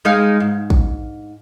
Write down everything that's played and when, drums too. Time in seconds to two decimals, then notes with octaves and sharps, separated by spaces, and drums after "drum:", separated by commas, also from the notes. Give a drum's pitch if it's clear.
0.05 G#3 D#4 F5
0.40 G#2
0.70 drum: kick